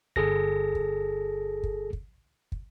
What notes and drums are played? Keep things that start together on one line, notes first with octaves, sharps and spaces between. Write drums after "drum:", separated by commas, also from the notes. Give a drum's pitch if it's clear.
G1 G#4 A4 A#6, drum: kick
drum: kick
drum: kick
drum: kick
drum: kick